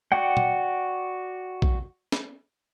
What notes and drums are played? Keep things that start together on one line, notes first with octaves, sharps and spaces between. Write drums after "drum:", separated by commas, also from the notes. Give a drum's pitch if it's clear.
F#4 D5 F#5 G5
drum: tom
drum: kick A#1
drum: snare